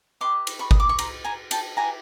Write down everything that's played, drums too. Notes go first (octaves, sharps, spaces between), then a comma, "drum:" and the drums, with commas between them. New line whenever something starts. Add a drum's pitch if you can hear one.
G4 B4 D#5 C6 D6
drum: cymbal
B5 C#6
D#6, drum: kick G1
D6
C#6
A#5 C6, drum: cymbal
G#5 A#5
G5 A5, drum: cymbal
E4 G4 B4 G#5 A#5